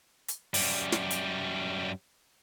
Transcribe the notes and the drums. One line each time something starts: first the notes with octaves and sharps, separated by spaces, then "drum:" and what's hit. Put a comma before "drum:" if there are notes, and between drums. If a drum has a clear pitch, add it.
drum: hi-hat
F#2 G3, drum: open hi-hat
drum: snare
drum: hi-hat